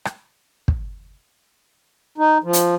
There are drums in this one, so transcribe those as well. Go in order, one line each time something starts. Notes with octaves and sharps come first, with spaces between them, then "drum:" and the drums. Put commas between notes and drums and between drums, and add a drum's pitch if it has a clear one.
drum: rim click
drum: kick
D#4
F3
drum: hi-hat